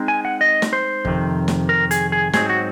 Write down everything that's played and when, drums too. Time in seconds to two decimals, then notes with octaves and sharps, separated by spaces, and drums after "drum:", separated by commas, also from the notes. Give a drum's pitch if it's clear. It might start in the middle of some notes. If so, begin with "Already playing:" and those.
Already playing: G#3 C4 D#4
0.08 G#5
0.25 F#5
0.41 D#5
0.62 drum: snare
0.73 C5
1.05 F2 C3 D#3, drum: kick
1.48 drum: snare
1.69 A#4
1.91 G#4, drum: hi-hat
2.12 G#4
2.33 G#2 F#3 C4 D#4 G#4, drum: snare
2.50 F#4